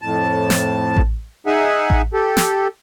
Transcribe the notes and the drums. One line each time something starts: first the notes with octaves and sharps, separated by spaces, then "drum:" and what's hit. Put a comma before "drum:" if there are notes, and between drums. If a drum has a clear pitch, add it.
F2 A2 A5
drum: snare
drum: kick A1
D#4 G#4 E5 F#5 G#5
drum: kick A1
G4 A4
drum: snare